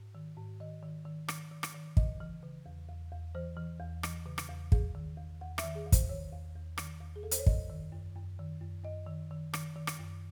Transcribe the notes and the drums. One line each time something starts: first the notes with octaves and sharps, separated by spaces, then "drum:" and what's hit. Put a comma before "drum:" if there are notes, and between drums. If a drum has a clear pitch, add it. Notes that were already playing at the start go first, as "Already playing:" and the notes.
Already playing: G#2
D#3
G#2
D#3 D#5
D#3
D#3
D#3, drum: rim click
D#3
drum: rim click
D#3
C#3 D#5, drum: kick
E3
C#3
E2
E2
E2
E3 C5
E3
E2
E3, drum: rim click
C#3
drum: rim click
E2
E2 G#4, drum: kick
D#3
E2
E2 F#5
E5, drum: rim click
D#3
G#4
E2
C5, drum: kick, hi-hat
D#3 C#5
E2
E2
D#3, drum: rim click
E2
G#4
E2 A4
C5, drum: hi-hat
C#5
F#2 D#5, drum: kick
D#3
F#2
F#2
D#3
F#2
F#2 D#5
D#3
D#3
D#3, drum: rim click
D#3
drum: rim click
F#2